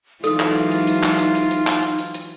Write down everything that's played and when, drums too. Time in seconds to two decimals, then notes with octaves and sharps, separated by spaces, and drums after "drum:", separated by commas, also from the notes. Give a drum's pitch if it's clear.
0.24 E3 F#3 G#3 D#4 F4 A4 D#6, drum: hi-hat
0.40 drum: clap
0.71 drum: hi-hat
0.87 drum: hi-hat
1.03 drum: clap
1.19 drum: hi-hat
1.35 drum: hi-hat
1.51 drum: hi-hat
1.67 drum: clap
1.83 drum: hi-hat
1.99 drum: hi-hat
2.14 drum: hi-hat